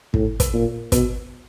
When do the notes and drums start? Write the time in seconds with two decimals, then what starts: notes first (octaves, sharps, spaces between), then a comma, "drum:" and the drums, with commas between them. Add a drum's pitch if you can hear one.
0.14 A2, drum: kick
0.40 drum: kick, hi-hat
0.53 A#2
0.92 B2, drum: kick, hi-hat